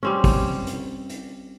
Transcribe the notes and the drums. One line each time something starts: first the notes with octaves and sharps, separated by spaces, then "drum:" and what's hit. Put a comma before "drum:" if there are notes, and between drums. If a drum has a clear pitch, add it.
G3 C4 C#4
drum: kick, open hi-hat
drum: hi-hat
drum: hi-hat